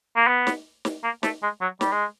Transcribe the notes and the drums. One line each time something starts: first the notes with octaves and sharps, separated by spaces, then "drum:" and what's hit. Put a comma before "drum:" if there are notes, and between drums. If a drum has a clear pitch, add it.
A#3
B3
drum: snare
drum: snare
A#3
A3, drum: snare
G#3
F#3
G3, drum: snare
G#3